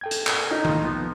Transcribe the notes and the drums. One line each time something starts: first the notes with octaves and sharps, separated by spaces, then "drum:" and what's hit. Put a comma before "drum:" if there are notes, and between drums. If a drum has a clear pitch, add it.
A4 G5 G#6
drum: hi-hat
A#4 D5 F#5, drum: clap
C#4 D#4 E4
D#3 F3 F4, drum: tom D#3
F3 B3